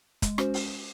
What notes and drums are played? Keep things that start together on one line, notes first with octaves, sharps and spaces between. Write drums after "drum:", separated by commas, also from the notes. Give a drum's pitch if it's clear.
G#3, drum: kick, hi-hat
C#4 F#4 C5, drum: rim click
drum: open hi-hat